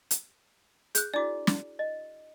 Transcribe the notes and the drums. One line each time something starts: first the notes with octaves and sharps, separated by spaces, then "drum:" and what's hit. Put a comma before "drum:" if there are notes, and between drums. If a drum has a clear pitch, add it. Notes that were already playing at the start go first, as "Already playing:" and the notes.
drum: hi-hat
G#4 F#6 G6, drum: hi-hat
D4 E4 F#4 D5 D6
drum: snare
D#5